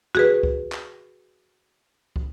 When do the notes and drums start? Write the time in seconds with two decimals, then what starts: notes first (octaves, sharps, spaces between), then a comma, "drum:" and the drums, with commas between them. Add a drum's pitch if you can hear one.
0.15 F#4 G#4 B4, drum: tom
0.43 drum: kick
0.72 drum: clap
2.16 drum: kick